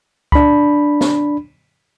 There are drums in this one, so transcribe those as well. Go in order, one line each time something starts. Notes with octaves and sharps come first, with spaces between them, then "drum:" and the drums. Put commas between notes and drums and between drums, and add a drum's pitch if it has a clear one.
D4 B5, drum: kick C#2
drum: snare